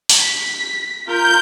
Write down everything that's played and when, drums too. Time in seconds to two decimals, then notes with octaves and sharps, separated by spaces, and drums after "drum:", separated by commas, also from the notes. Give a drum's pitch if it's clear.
0.09 drum: open hi-hat
0.19 B6
1.07 F4 A#4 G6